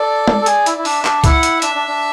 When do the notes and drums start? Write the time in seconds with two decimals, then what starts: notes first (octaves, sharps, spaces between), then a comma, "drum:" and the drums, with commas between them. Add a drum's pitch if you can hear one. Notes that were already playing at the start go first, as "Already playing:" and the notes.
Already playing: A4 D5
0.27 drum: tom
0.41 A4
0.46 G#4, drum: hi-hat
0.66 E4, drum: hi-hat
0.78 E4
0.85 D4 E5, drum: open hi-hat
1.05 D4, drum: clap
1.24 E4 F#5, drum: kick C#2, hi-hat
1.43 drum: hi-hat
1.62 D4 E5, drum: hi-hat
1.75 D4
1.88 D4